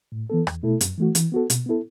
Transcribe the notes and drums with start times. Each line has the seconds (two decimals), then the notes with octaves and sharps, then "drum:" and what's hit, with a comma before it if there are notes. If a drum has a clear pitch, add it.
0.12 A2
0.30 E3 B3 A4
0.47 E2, drum: rim click
0.63 B2 A3 E4 A4
0.81 F#2, drum: hi-hat
0.98 E3 A3 F#4
1.15 E3, drum: hi-hat
1.32 B3 F#4 A4
1.50 B2, drum: hi-hat
1.66 B3 E4 A4